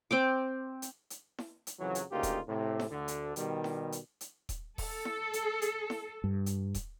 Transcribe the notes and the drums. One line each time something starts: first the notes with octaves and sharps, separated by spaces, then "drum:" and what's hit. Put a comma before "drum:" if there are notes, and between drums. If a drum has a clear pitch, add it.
C4 G5 D6
drum: hi-hat
drum: hi-hat
drum: snare E4
drum: hi-hat
F2 C#3 E3 F#3
drum: hi-hat
D2 C#3 A#3 D#4 F4 G4
drum: kick D#1, hi-hat
A2 C3
drum: snare E4
D2 D3
drum: hi-hat
B2 D#3 G3, drum: hi-hat
drum: snare E4
drum: hi-hat
drum: hi-hat
drum: kick D#1, hi-hat
A4, drum: kick D#1, open hi-hat
drum: snare E4
drum: hi-hat
drum: hi-hat
drum: snare E4
G2
drum: hi-hat
drum: kick D#1, hi-hat